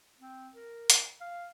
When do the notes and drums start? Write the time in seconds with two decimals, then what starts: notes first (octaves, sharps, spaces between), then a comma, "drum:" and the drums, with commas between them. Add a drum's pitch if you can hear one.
0.21 C4
0.55 A#4
0.90 drum: hi-hat
1.21 F5